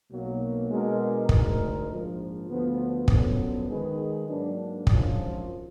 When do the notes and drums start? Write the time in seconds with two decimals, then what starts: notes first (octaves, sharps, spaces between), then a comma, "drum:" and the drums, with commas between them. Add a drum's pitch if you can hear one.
0.10 B1 B2 F#3 A#3
0.70 B2 G#3 D4 F#4 A#4
1.29 D2 D3 G#3 D#4 A#4, drum: kick
1.89 A#1 G#2 F3
2.48 D2 D3 F3 B3
3.08 F#2 D3 F3 B3 D4, drum: kick
3.67 D#3 G#3 D#4 G#4 B4
4.27 G#2 F#3 A#3 D4
4.87 G#1 F#2 F3, drum: kick